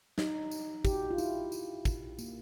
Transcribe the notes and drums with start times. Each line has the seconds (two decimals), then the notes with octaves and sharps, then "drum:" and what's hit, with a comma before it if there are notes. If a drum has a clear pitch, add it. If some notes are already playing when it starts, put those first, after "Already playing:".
0.18 D#4, drum: snare
0.51 drum: tambourine
0.85 G4, drum: kick, tambourine
0.93 F#4
1.11 F4
1.18 E4, drum: tambourine
1.52 drum: tambourine
1.85 drum: kick, tambourine
2.19 A#3, drum: tambourine